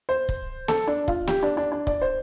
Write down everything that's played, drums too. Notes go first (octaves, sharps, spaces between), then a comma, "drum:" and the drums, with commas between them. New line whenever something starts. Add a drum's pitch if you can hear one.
C5
drum: kick
A4, drum: snare
D4
F4, drum: kick
G4, drum: snare
D4
D4
D4
D5, drum: kick
C5